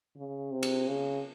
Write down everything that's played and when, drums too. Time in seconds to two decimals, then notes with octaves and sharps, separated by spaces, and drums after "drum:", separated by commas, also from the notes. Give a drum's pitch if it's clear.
0.16 C#3
0.52 C3
0.63 drum: cymbal
0.87 C#3